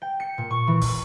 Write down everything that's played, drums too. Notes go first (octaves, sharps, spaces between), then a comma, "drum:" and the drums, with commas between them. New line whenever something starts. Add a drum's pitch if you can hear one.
G5
C#7
A#2
C#6
E3
drum: kick D#1, open hi-hat